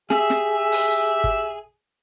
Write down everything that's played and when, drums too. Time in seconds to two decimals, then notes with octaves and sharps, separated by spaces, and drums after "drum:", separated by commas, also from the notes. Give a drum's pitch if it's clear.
0.10 G4 G#4 E5, drum: snare
0.30 drum: snare
0.72 drum: open hi-hat
1.24 drum: kick G1